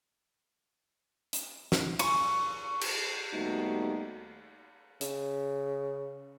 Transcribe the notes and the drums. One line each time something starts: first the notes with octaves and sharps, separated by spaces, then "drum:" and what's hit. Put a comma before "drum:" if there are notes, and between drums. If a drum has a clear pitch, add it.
drum: hi-hat
drum: snare
C#6, drum: cymbal
drum: cymbal
D#2 G3 A3 B3 D#4 F#4
C#3, drum: hi-hat